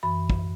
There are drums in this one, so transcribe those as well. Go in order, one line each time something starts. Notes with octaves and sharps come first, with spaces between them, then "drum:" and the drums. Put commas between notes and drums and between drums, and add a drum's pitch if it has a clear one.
F#2 E3 B5
drum: kick